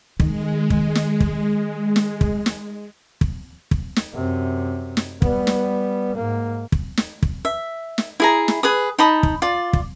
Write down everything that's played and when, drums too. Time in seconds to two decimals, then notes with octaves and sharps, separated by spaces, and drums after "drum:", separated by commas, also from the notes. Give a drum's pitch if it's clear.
0.20 D#3 G#3, drum: kick
0.70 drum: kick
0.95 drum: snare
1.20 drum: kick
1.96 drum: snare
2.21 drum: kick
2.46 drum: snare
3.21 drum: kick
3.71 drum: kick
3.96 drum: snare
4.13 F#2 C3
4.97 drum: snare
5.22 G3 B3, drum: kick
5.47 drum: snare
6.16 G#2 A#3
6.72 drum: kick
6.97 drum: snare
7.23 drum: kick
7.45 E5
7.98 drum: snare
8.20 E4 G#4 A#5
8.48 drum: snare
8.63 G#4 B4 D#6
8.98 D#4 A5 B5 D#6
9.23 drum: kick
9.42 F4 D5
9.73 drum: kick